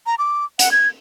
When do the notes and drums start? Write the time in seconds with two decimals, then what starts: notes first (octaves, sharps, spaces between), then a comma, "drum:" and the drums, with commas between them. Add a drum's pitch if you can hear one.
0.06 A#5
0.19 D6
0.59 F#5, drum: hi-hat
0.71 G#6